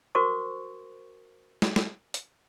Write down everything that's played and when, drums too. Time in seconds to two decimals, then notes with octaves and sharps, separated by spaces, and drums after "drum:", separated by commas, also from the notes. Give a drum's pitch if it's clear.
0.15 F#4 A#4 C5 C#6 D6
1.62 drum: snare
1.76 drum: snare
2.14 drum: hi-hat